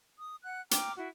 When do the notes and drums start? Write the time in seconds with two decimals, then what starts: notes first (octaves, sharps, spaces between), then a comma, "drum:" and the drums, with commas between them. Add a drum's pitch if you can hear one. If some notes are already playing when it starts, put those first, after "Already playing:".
0.19 D#6
0.44 F#5 F#6
0.71 G5 A#5 D6 F6, drum: hi-hat
0.97 E4 F#4